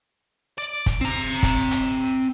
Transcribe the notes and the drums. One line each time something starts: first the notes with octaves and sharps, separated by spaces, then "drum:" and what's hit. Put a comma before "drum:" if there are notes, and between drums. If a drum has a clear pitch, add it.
D5
drum: kick, hi-hat
C4 A#5
drum: kick, hi-hat
drum: hi-hat